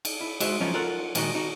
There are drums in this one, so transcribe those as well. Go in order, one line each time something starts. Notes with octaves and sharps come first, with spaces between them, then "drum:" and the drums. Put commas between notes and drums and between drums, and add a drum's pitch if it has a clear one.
drum: cymbal
E4
G#3 F#4 G#4 C5 D#5 E5, drum: cymbal
F3 F#3 B3 C#4 D#4 F4
F4 A4 A#4 C#5 F#5
A#2 D#3 G#3 F#4 B4 D#5, drum: cymbal
D#4 F#4